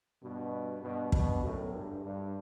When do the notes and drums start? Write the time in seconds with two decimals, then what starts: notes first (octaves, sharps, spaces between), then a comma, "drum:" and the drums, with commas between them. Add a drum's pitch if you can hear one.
0.21 G2 B2
0.82 G2 B2
1.12 G2 B2, drum: kick
1.43 F#2 A2
1.73 G2
2.04 G2